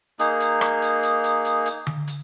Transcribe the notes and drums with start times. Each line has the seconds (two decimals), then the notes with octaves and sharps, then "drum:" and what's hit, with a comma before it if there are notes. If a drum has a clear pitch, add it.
0.19 A#3 D#4 G#4, drum: hi-hat
0.40 drum: hi-hat
0.61 drum: rim click
0.82 drum: hi-hat
1.03 drum: hi-hat
1.24 drum: hi-hat
1.45 drum: hi-hat
1.66 drum: hi-hat
1.87 drum: tom D3
2.08 drum: hi-hat